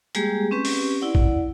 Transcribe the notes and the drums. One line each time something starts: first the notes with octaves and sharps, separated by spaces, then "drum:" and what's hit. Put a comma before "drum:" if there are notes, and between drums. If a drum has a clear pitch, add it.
G3 G#3 A#3 G4 G#4, drum: hi-hat
C4 C#4 G4 B4
drum: open hi-hat
E4 D5 F#5
drum: kick